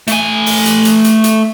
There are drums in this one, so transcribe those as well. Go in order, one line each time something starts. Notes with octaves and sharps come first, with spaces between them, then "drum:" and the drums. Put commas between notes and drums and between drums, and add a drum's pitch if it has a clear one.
A3 G#5, drum: hi-hat
drum: open hi-hat
drum: hi-hat
drum: hi-hat
drum: hi-hat
drum: hi-hat